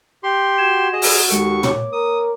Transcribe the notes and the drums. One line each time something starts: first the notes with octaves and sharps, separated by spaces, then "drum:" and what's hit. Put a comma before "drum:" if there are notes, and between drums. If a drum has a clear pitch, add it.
G4 C6
F#4 G#6 E7
G#4 D#5
drum: open hi-hat
D#2 G#3 A4 C#6, drum: hi-hat
A#3 C#5 D6, drum: tom
A#4 D#6